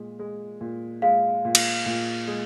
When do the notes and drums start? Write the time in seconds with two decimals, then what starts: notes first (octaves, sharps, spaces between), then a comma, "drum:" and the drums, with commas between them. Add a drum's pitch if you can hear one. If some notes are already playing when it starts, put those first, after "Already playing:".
Already playing: A#2 G#3
0.19 G#3
0.61 A#2
1.02 G#3 F5
1.45 A#2
1.55 drum: cymbal
1.86 A#2
2.27 G#3